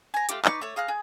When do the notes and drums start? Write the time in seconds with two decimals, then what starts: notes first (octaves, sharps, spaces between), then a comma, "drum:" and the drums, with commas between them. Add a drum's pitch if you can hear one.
0.14 G#5 A#5
0.29 A3 F4 G4, drum: hi-hat
0.45 D#4 B4 D5 C#6, drum: clap
0.61 A3 C#5
0.76 G#4 F5 A#5 F#6
0.88 G#4